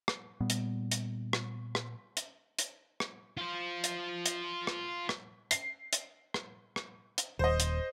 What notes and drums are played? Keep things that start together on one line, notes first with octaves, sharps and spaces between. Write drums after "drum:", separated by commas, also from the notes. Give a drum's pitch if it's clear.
drum: rim click
A#2 G3 B3
drum: hi-hat
drum: hi-hat
drum: rim click
drum: rim click
drum: hi-hat
drum: hi-hat
drum: rim click
F4 C5
drum: hi-hat
drum: hi-hat
drum: rim click
drum: rim click
C7, drum: hi-hat
drum: hi-hat
drum: rim click
drum: rim click
drum: hi-hat
D#1 C5 D#5
drum: hi-hat